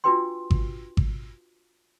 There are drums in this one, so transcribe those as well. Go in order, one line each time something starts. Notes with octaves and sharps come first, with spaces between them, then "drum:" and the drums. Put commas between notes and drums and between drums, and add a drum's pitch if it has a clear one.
D4 F4 F#4 B4 G5 C6
drum: kick G#1
drum: kick G#1